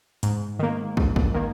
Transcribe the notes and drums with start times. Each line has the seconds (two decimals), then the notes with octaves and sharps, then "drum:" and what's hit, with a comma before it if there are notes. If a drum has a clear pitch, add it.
0.23 G#2, drum: hi-hat
0.59 D#3 A#3
0.97 G#2, drum: kick
1.16 drum: kick
1.34 D#3 A#3